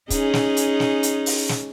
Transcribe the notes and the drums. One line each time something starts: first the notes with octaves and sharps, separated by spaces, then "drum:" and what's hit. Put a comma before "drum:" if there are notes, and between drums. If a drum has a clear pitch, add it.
C#4 D#4 G#4, drum: kick, hi-hat
drum: snare
drum: hi-hat
drum: snare
drum: hi-hat
drum: open hi-hat
drum: snare